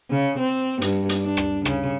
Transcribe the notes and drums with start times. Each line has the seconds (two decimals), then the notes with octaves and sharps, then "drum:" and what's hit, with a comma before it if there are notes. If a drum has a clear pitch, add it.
0.10 C#3
0.38 C4
0.82 G2, drum: hi-hat
1.09 drum: hi-hat
1.22 D4
1.37 drum: rim click
1.65 C#3, drum: rim click